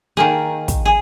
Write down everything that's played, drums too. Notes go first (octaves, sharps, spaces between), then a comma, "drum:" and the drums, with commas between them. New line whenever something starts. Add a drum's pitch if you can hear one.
D#3 A#3 G#4
drum: kick, hi-hat
G#4